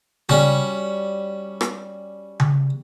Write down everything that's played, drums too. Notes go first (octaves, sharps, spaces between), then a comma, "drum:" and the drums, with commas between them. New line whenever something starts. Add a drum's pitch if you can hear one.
G3 C#4 F#4, drum: tom C#3
drum: rim click
drum: tom C#3